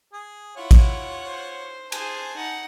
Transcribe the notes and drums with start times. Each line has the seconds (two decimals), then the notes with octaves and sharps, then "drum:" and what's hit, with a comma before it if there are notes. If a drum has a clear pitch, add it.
0.13 G#4
0.57 E4 F4 C#5 F#5
0.71 drum: kick A1, cymbal
1.27 C5
1.92 G#4 C5 G#5 A5, drum: cymbal
2.36 D#4 F#5